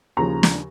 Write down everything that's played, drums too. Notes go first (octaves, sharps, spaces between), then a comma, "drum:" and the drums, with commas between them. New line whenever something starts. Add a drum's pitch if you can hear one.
D#2 C#3 F3 A#5
drum: snare